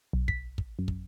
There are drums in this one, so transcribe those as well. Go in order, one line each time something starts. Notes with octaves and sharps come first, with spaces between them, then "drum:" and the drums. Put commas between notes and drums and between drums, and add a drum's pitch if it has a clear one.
B1
B6, drum: kick
drum: kick
F#2
drum: kick